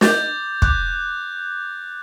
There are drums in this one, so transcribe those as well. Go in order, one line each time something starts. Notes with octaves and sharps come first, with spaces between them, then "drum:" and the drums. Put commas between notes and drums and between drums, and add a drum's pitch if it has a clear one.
D6 G6 A6, drum: snare
D6 F#6, drum: kick